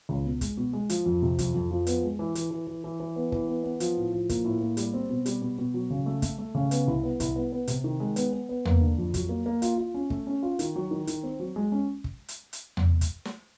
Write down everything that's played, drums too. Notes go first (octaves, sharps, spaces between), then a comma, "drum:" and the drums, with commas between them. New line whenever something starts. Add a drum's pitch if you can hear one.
C#2
B2
G#3, drum: kick, hi-hat
B2
G#3
F3, drum: hi-hat
F2
C3
F2, drum: kick, hi-hat
F2
F3
B3, drum: hi-hat
G#3
E3
E3, drum: hi-hat
E3
E3
E3
E3
B3
E3, drum: kick
B3
B3
F3, drum: hi-hat
A2
F3
A#3, drum: kick, hi-hat
A2
A#3
G3, drum: hi-hat
C4
B2
G3, drum: hi-hat
B2
B2
F#3
C#3
A3
A3, drum: kick, hi-hat
A3
C#3
B3, drum: hi-hat
C2
B3
C2, drum: kick, hi-hat
B3
B3
C3, drum: hi-hat
D#3
G#3
B3, drum: hi-hat
B3
B3
A#3, drum: tom E2
D3
F2
F#3, drum: kick, hi-hat
A#3
A#3
F4, drum: hi-hat
F4
C#4
A3, drum: kick
C#4
F4
D#3, drum: hi-hat
F#3
D#3
D#3, drum: hi-hat
C4
F#3
G#3
C#4
drum: kick
drum: hi-hat
drum: hi-hat
drum: tom E2
drum: kick, hi-hat
drum: snare